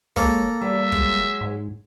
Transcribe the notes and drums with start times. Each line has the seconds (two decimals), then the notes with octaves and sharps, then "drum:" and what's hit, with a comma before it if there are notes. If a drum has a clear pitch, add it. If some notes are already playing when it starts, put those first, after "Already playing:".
0.16 G#3 A#3 A4 C#5, drum: kick
0.62 E2 G3 E5
0.92 F#3 G#3, drum: kick
1.41 G#2